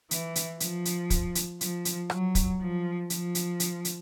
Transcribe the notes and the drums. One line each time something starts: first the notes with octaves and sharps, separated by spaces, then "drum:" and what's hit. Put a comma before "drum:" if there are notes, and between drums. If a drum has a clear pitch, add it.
E3, drum: hi-hat
drum: hi-hat
F3, drum: hi-hat
drum: hi-hat
drum: kick, hi-hat
drum: hi-hat
F3, drum: hi-hat
drum: hi-hat
F#3, drum: rim click
drum: kick, hi-hat
F3
F3, drum: hi-hat
drum: hi-hat
drum: hi-hat
drum: hi-hat